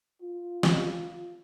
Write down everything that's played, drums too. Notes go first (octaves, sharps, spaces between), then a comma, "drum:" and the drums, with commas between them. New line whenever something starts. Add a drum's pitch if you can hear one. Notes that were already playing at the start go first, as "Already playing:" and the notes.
F4
drum: snare